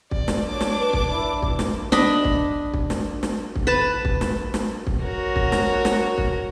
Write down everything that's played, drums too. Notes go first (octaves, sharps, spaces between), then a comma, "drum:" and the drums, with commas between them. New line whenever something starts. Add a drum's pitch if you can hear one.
D5, drum: kick
drum: snare
D4 C#5 D6
drum: snare
B4
drum: kick
E4
drum: kick
drum: snare
D4 D#5 B5, drum: snare
drum: kick
drum: kick
drum: snare
drum: snare
drum: kick
B4 A5
drum: kick
drum: snare
drum: snare
drum: kick
F#4 A#4 C#5
drum: kick
drum: snare
drum: snare
drum: kick